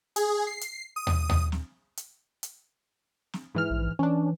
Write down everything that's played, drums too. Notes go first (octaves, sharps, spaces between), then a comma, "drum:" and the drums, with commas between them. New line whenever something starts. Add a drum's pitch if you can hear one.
G#4, drum: hi-hat
C7
drum: hi-hat
D#6
drum: tom
drum: tom
drum: snare
drum: hi-hat
drum: hi-hat
drum: snare
G#2 E3 F6
A#1
E3 C#4 D4